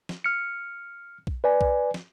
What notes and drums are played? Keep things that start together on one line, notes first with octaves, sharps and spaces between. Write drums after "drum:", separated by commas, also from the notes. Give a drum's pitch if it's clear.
drum: snare
F6 C#7
drum: kick B1
B4 D5 G#5
drum: kick B1
drum: snare